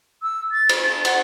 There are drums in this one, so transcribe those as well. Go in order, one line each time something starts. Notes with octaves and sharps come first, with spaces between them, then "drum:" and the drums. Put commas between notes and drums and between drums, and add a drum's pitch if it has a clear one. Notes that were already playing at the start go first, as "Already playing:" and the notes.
E6
A6
drum: cymbal
A6
F#5, drum: cymbal